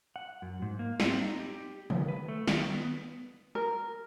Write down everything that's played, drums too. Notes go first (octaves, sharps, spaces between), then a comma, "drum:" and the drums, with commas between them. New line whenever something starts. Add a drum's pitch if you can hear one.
F#5
F#2
G#2
A#3
C4, drum: snare
D#4
G4
C#3, drum: tom D3
B4
A3
D#3, drum: snare
B3
A#4